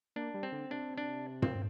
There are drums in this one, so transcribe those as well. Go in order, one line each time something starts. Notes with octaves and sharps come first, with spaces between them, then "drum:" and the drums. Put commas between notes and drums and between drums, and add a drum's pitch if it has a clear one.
A#3 D4
G3
C4
D3
C3 D4
D4
C4, drum: tom